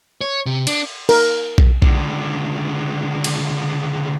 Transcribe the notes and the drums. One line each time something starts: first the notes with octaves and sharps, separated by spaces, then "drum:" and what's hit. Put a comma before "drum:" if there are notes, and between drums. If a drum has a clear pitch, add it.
C#5
C3
D4, drum: cymbal
A#4, drum: cymbal
drum: kick B1
C#2 D3, drum: kick B1
drum: cymbal